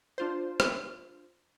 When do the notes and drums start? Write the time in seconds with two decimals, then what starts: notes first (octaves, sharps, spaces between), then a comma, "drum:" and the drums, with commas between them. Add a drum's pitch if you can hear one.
0.18 D4 F4 C5
0.60 drum: rim click